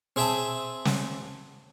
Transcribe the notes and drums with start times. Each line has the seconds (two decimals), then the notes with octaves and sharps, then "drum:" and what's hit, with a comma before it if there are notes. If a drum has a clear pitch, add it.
0.16 C4 G#4 E5 G5 A5
0.85 drum: snare